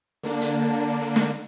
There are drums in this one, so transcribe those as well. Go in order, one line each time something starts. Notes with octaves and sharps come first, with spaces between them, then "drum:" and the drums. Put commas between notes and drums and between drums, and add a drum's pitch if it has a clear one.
D3 A#3 D4
drum: hi-hat
drum: snare